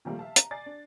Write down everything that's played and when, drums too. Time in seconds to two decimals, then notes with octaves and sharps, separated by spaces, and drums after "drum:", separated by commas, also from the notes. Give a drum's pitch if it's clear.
0.05 A#2 D#3 F3 G3 A3 A#3
0.19 E5 F5 A5
0.36 A#5, drum: hi-hat
0.51 D5 G#5 A6 C7
0.66 D4